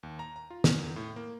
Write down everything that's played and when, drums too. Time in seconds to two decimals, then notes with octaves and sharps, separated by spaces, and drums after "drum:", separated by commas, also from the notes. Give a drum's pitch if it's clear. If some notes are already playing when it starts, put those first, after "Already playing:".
0.03 D#2
0.19 A#5
0.36 A#5
0.50 F4
0.64 F6, drum: snare
0.77 E2
0.96 A2
1.16 A#3